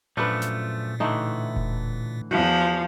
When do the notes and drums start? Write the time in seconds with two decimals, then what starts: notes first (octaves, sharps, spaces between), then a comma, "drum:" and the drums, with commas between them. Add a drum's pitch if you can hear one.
0.17 F#2 A#2 F3 A3 D4 B4
0.42 drum: snare
1.00 A2 D3 E3 A3 D#4
1.56 drum: kick E1
2.31 E2 F3 E4 F#4 G6